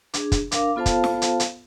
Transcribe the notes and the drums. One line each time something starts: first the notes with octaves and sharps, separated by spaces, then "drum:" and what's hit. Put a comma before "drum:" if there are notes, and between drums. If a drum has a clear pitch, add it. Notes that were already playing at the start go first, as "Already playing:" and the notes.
D4 G#4, drum: hi-hat
drum: kick, hi-hat
D4 A#4 F5 D6, drum: hi-hat
B3 F4 A4 C5 F5 A5
drum: kick, hi-hat
drum: snare
drum: hi-hat
drum: hi-hat